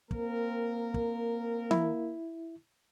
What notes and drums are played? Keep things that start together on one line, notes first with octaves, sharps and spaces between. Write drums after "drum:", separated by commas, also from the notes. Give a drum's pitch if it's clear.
A#3 C4 A#4, drum: kick
drum: kick
E4, drum: tom E3